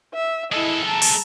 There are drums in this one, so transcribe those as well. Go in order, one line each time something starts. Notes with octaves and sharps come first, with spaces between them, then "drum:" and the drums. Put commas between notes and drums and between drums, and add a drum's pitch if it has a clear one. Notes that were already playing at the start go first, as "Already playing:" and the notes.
E5
G#3 E4 A4 D#5
A5 A#5
drum: open hi-hat